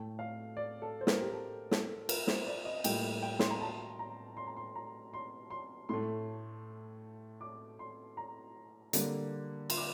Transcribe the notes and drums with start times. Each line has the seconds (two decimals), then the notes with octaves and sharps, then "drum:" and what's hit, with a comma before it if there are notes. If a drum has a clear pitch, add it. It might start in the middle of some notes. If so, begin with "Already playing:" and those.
Already playing: A2 A3 G5
0.19 F5
0.57 D5
0.82 A4
1.01 C5
1.07 A#4, drum: snare
1.21 G4
1.32 A4
1.71 A4, drum: snare
2.09 A#4, drum: cymbal
2.27 C5, drum: snare
2.46 D5
2.65 D#5
2.84 A2 G3 A#3 G5, drum: cymbal
3.23 G5
3.39 C6, drum: snare
3.50 A#5
3.61 A5
3.99 A#5
4.37 C6
4.47 A#5
4.57 C6
4.75 A#5
5.13 C6
5.50 C6
5.89 A2 A3 C6
7.41 D6
7.79 C6
8.17 A#5
8.93 D3 G3 A#3, drum: hi-hat
9.70 C6, drum: cymbal
9.77 D6